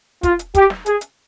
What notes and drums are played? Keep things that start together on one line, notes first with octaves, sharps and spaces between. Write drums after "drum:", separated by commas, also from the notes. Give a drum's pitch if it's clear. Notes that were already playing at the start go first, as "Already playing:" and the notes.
F4, drum: kick, hi-hat
drum: hi-hat
G4, drum: kick, hi-hat
drum: snare
G#4, drum: hi-hat
drum: hi-hat